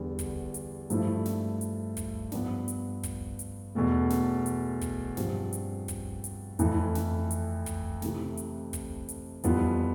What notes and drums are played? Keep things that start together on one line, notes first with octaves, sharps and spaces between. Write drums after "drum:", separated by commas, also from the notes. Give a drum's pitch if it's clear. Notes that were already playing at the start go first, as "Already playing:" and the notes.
Already playing: E2 D3 G3 B3
drum: kick, hi-hat
drum: hi-hat
G2 F3 A3 E4, drum: hi-hat
drum: snare
drum: hi-hat
drum: kick, hi-hat
G2 F3 B3 D4, drum: snare
drum: hi-hat
drum: kick, hi-hat
drum: hi-hat
E2 B2 A3
drum: snare
drum: hi-hat
drum: kick, hi-hat
G2 F3 C4 G4, drum: snare
drum: hi-hat
drum: kick, hi-hat
drum: hi-hat
F2 E3 A3 E4, drum: hi-hat
drum: snare
drum: hi-hat
drum: kick, hi-hat
C3 E3 A3, drum: snare
drum: hi-hat
drum: kick, hi-hat
drum: hi-hat
F2 E3 G3 B3 F4, drum: hi-hat